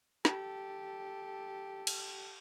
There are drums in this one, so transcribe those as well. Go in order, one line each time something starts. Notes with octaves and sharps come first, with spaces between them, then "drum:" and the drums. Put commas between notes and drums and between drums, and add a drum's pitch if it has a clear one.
G4 A4, drum: snare
drum: cymbal